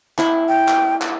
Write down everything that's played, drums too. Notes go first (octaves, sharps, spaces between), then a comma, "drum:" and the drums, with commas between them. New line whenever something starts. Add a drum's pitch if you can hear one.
E4, drum: clap
G5
drum: clap
drum: clap